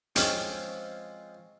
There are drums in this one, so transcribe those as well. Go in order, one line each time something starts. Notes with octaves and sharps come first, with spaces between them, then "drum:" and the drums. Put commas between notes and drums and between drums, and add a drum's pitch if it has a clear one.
F3 G#3 C4 C#4 F4, drum: hi-hat